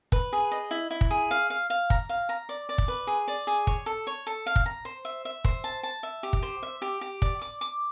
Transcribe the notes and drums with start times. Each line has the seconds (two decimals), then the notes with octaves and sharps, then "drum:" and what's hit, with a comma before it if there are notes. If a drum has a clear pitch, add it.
0.12 B4, drum: kick
0.33 G#4
0.51 D#5
0.71 E4
0.90 E4
1.01 drum: kick
1.10 G#4
1.31 F5
1.50 F5
1.70 F5
1.90 A#5, drum: kick
2.09 F5
2.29 A#5
2.49 D5
2.69 D5
2.78 drum: kick
2.88 B4
3.07 G#4
3.28 D5
3.47 G#4
3.67 C#5, drum: kick
3.86 A4
4.07 C#5
4.27 A4
4.46 F5
4.56 drum: kick
4.66 A#5
4.85 C5
5.05 E5
5.25 E5
5.45 C5, drum: kick
5.64 A5
5.83 A5
6.03 E5
6.23 G4
6.33 drum: kick
6.42 C5
6.63 E5
6.82 G4
7.01 G4
7.22 D5, drum: kick
7.42 D6
7.61 D6